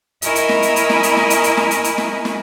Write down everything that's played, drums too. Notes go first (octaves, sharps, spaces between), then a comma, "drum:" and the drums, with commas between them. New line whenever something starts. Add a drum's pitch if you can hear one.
E4 A#4 D#5 G#5 B5 C#6, drum: hi-hat
drum: hi-hat
drum: snare
drum: hi-hat
drum: hi-hat
drum: snare
drum: hi-hat
drum: snare
drum: hi-hat
drum: hi-hat
drum: snare
drum: hi-hat
drum: hi-hat
drum: snare
drum: snare